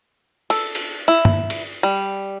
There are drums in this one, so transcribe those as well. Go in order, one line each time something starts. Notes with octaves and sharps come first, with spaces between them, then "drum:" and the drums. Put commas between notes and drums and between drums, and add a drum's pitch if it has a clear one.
A4, drum: cymbal
drum: cymbal
E4
drum: tom G2
drum: cymbal
G3